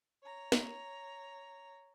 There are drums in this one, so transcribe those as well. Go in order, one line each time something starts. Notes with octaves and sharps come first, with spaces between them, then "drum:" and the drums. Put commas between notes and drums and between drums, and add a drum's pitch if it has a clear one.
C#5 A#5
drum: snare